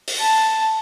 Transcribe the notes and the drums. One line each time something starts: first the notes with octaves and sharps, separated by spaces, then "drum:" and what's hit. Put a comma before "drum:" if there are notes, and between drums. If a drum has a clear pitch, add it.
drum: open hi-hat
A5